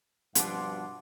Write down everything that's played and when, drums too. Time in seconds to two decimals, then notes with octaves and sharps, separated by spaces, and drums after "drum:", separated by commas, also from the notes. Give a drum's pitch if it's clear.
0.35 G2 B2 F3 F#5 C6 D6, drum: hi-hat